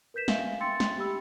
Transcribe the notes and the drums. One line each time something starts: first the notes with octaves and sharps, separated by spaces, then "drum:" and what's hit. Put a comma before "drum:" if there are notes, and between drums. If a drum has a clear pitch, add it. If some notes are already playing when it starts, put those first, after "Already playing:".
A#4 B4 G6 B6 E7
E5 F5 G#5, drum: snare
G5 C6 E6 A6 C#7
drum: snare
G4 G5 B5 E6